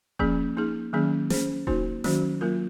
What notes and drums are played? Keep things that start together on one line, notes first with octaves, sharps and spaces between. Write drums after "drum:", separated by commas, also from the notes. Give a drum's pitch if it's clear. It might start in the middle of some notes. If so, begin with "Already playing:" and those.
F3 A#3 C#4 G#4, drum: kick D#1
A#3 D#4 G#4
D#3 F#3 A#3 C#4 G#4
C#4 G#4 C5, drum: snare
A#3 D#4 F#4 C5, drum: kick D#1
D#3 F#3 C#4 F#4 C5, drum: snare
F#3 A#3 F4 A#4